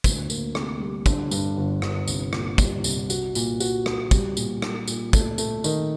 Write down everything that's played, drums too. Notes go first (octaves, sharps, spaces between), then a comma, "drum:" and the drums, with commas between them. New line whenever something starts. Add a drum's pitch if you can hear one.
D2, drum: kick, tambourine
A#3, drum: tambourine
C3, drum: rim click
G3
D3, drum: kick, tambourine
G2, drum: tambourine
G1
G1, drum: rim click
C2, drum: tambourine
A#2, drum: rim click
G3, drum: kick, tambourine
C2, drum: tambourine
F#4, drum: tambourine
A#2, drum: tambourine
F#4, drum: tambourine
F#4, drum: rim click
G3, drum: kick, tambourine
A#2, drum: tambourine
A#2, drum: rim click
A#2, drum: tambourine
A3, drum: kick, tambourine
A3, drum: tambourine
D#3, drum: tambourine